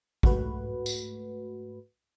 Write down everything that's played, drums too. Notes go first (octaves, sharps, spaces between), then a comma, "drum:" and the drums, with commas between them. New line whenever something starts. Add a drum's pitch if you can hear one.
G#2 A3 F#4 B4, drum: kick G#1
drum: tambourine